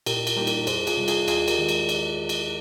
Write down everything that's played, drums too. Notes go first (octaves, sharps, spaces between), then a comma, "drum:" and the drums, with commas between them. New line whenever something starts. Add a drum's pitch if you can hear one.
A#2 G4 A#4, drum: cymbal
drum: cymbal
G3 A#3 D#4 G4 A#4
drum: cymbal
F2 G#4 C5, drum: cymbal
F4 G#4, drum: cymbal
C3 G3
F4 G#4, drum: cymbal
D#2 F4 G#4, drum: cymbal
G4 A#4, drum: cymbal
D#3 G#3
drum: cymbal
drum: cymbal
drum: cymbal